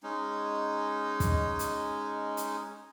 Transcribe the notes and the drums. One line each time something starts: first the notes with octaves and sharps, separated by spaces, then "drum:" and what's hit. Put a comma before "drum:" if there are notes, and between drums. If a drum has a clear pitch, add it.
G#3 C#4 D#4
drum: kick, hi-hat
drum: hi-hat
drum: hi-hat